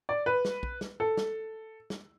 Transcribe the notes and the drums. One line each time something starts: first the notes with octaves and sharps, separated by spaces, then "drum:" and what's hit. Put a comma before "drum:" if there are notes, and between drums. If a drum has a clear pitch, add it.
D5
B4
drum: snare
drum: kick
drum: snare
A4
drum: snare
drum: snare